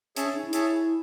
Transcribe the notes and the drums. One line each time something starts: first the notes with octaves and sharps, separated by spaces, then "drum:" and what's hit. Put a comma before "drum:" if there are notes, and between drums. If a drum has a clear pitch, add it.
C#4 G#4 C#5 E5 A5, drum: hi-hat
D4
D#4
E4
G#4 C#5 E5 A5, drum: hi-hat